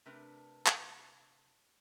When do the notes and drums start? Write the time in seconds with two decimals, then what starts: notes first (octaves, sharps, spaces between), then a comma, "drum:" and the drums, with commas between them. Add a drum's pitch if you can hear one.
0.06 C3 A3 D4 A#4 B4
0.66 drum: clap